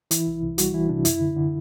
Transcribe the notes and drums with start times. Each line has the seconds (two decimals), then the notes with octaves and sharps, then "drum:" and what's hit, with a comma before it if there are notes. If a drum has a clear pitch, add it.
0.11 E3 E4, drum: hi-hat
0.27 C2
0.43 C2
0.58 G3 F#4, drum: hi-hat
0.74 E3 E4
0.89 C3 D4
1.05 F#2 E4, drum: hi-hat
1.21 D3
1.36 D3